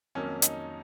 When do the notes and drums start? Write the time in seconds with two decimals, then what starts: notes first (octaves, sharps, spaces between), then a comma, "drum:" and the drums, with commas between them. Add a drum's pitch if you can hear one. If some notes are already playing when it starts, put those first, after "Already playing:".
0.15 F2 D#3 F#3 A#3 C#4
0.42 D#4, drum: hi-hat